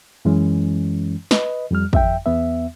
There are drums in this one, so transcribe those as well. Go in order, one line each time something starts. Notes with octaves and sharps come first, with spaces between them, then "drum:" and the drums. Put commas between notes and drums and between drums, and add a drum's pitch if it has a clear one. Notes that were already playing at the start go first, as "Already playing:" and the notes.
F#2 E3 G#3 C#4
B4 D#5, drum: snare
F2 G3 F6
F2 E5 G5, drum: kick
E2 B3 E5